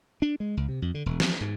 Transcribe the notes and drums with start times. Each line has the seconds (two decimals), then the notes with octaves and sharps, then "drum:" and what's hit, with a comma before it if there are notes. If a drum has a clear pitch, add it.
0.22 D4
0.40 G#3
0.57 C#2
0.69 C3
0.82 F2
0.94 D3
1.06 E1
1.20 F3, drum: snare
1.41 G#2